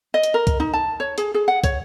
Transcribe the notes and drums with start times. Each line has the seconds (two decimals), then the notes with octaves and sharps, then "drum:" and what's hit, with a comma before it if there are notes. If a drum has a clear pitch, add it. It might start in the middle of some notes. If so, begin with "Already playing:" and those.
0.14 D#5
0.23 drum: hi-hat
0.34 A#4
0.47 drum: kick, hi-hat
0.60 D#4
0.74 A5
1.00 C#5
1.18 G#4, drum: hi-hat
1.34 G#4
1.48 F#5
1.64 C#5, drum: kick, hi-hat